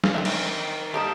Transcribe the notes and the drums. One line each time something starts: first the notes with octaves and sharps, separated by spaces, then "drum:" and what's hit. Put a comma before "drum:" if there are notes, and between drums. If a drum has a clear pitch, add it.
drum: snare
D#3 C4 D4 E5
drum: cymbal
D#3 A#3 D#4 G4 A5